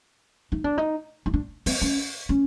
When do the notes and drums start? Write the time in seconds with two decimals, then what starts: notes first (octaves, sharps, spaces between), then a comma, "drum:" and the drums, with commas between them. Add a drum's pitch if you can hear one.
0.52 D#4
0.64 D4
0.78 D#4
1.26 D#4
1.34 D4
1.66 C4, drum: open hi-hat
1.82 C#4
2.29 C#4